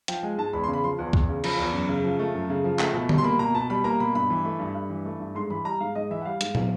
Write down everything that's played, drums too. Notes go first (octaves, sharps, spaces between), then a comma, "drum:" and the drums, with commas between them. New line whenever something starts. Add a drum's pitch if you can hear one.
F3 G5, drum: hi-hat
G#3 G#5
G#2 A5
E2 B5
C6
C#3
B5
F3 C6
E2
E2, drum: kick
C#3
F3 B5, drum: cymbal
E2
F#2
C#3
F3
A3
F#2
C#3
F3
A3, drum: clap
B2
G3, drum: tom D3
C6
A#3 B5
B2 A#5
B2 A5
G3 B5
A#3 A#5
B2 B5
G2 B5
E3
A3
G2
G2
E3
A3
G2
G#2 C6
E3 B5
G3 A#5
G#2 F5
G#2 D#5
E3 E5
F#5
G3 F5
G#2, drum: hi-hat
drum: tom